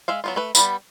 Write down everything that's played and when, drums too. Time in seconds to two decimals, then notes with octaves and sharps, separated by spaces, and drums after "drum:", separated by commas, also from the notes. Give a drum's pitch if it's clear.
0.08 G#3 E5 F5
0.24 F#3 B3 F4
0.36 A3 B4
0.55 G3 B3 B4 B5, drum: tambourine